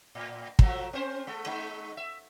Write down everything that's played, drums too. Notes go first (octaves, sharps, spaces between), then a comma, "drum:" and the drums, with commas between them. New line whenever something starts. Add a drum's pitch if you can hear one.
A2
F3 F#3 A3, drum: kick
C4 C#4 C5
G#3 A4
G#3 D#4
E5